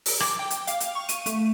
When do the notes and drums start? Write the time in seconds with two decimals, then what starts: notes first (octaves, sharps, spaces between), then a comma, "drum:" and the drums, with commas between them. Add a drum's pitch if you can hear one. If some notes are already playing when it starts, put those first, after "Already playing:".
0.06 drum: open hi-hat
0.20 D6, drum: rim click
0.39 G5
0.50 drum: hi-hat
0.67 F5, drum: hi-hat
0.80 drum: hi-hat
0.95 C#6
1.09 D#7, drum: hi-hat
1.26 A3, drum: hi-hat